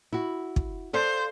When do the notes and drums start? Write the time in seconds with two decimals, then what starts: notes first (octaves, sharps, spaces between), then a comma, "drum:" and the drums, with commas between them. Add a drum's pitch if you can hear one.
0.13 E4 F#4
0.56 drum: kick
0.93 A4 C5 D5 F5